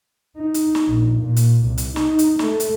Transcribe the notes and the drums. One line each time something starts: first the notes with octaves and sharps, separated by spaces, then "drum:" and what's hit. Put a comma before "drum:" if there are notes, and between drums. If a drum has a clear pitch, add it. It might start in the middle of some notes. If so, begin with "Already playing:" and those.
D#4
drum: hi-hat
drum: snare
A#1
A#2
drum: hi-hat
C2
drum: hi-hat
D#4, drum: snare
drum: hi-hat
A3, drum: snare
drum: hi-hat